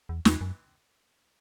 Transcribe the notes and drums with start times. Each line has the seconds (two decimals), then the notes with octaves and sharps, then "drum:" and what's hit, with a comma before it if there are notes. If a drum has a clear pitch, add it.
0.09 E2
0.25 E2, drum: snare
0.41 F#2